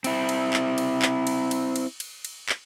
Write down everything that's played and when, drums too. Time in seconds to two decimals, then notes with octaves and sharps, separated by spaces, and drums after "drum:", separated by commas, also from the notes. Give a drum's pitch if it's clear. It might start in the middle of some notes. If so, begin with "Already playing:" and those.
0.04 C4 E4, drum: cymbal
0.29 drum: cymbal
0.53 drum: clap
0.78 drum: cymbal
1.02 drum: clap
1.27 drum: cymbal
1.51 drum: cymbal
1.76 drum: cymbal
2.00 drum: cymbal
2.25 drum: cymbal
2.49 drum: clap